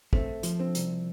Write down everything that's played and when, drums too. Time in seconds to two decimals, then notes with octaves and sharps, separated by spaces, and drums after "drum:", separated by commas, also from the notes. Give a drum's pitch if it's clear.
0.13 A3 C4, drum: kick
0.43 F3, drum: hi-hat
0.59 C4
0.75 C2, drum: hi-hat